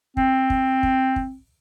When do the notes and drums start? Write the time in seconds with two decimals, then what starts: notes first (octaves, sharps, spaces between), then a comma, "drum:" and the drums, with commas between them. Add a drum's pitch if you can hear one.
0.17 C4, drum: kick
0.50 drum: kick
0.83 drum: kick
1.16 drum: kick